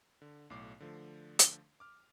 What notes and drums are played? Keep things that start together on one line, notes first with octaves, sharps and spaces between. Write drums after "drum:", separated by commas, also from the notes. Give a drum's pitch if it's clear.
D3
B1 A2 D6 C7
D3 F3 A3
drum: hi-hat
D6 F6